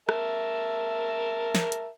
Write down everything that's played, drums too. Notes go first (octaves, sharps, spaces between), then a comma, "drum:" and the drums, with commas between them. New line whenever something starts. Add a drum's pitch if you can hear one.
A#4 E5 A5, drum: rim click
drum: snare
drum: hi-hat